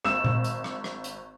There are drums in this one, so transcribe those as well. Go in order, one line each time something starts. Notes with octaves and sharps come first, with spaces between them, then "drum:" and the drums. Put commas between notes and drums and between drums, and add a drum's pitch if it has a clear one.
G#1 E6 E7, drum: rim click
drum: tom A#2
drum: hi-hat
drum: rim click
drum: rim click
drum: hi-hat